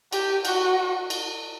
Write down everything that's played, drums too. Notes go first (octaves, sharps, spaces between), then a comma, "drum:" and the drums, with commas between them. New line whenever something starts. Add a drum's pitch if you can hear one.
G4, drum: cymbal
F#4, drum: cymbal
drum: cymbal